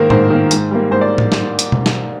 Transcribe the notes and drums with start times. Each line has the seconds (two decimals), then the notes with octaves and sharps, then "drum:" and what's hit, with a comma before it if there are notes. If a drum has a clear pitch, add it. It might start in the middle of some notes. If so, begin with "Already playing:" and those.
Already playing: G#2 D#3 A#3 A#4 C5
0.10 G#2 C5, drum: tom A2
0.30 D#3 A#3
0.51 G#2, drum: hi-hat
0.71 G3 A#3
0.91 G#2 C5
1.01 D5
1.18 drum: tom A2
1.32 drum: snare
1.59 drum: hi-hat
1.72 drum: tom B2
1.86 drum: snare